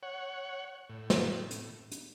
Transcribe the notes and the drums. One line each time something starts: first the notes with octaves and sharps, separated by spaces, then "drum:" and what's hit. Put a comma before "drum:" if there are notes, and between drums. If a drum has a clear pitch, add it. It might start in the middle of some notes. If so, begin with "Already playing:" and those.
C#5 F#5
A2
drum: snare
drum: hi-hat
drum: hi-hat